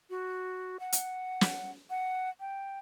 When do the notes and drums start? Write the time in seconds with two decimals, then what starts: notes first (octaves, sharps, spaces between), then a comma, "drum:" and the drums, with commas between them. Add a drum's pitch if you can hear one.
0.10 F#4
0.80 F#5
0.92 drum: hi-hat
1.41 drum: snare
1.90 F#5
2.40 G5